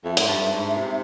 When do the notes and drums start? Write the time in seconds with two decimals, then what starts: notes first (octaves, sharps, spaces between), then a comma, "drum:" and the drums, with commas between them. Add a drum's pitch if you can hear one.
0.04 F2 E5
0.17 G#2, drum: hi-hat
0.28 G2
0.53 G#2
0.77 C3